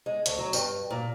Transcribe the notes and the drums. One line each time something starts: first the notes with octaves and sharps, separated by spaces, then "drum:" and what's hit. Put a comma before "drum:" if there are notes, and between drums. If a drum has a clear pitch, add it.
G#3
D2, drum: hi-hat
F#3
G2, drum: tambourine
A#2